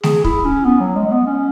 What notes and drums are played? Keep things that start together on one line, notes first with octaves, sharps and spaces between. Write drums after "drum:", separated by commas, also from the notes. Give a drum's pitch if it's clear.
G#4, drum: snare A3
E4, drum: kick
C#4
B3
F#3
G#3
G#3
B3
C#4